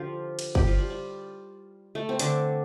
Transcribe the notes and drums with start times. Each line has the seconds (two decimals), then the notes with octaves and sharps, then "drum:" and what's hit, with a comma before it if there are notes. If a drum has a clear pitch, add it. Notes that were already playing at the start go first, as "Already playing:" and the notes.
Already playing: D3 F3 F4 G4
0.39 drum: cymbal
0.55 G3 G4, drum: kick G1
0.67 F3 F4
0.78 G3
0.90 G3
1.95 A3
2.09 C4
2.19 D3 D4, drum: hi-hat